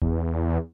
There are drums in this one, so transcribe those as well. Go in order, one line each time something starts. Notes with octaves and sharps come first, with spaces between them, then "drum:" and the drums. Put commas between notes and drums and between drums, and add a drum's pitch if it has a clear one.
E2, drum: kick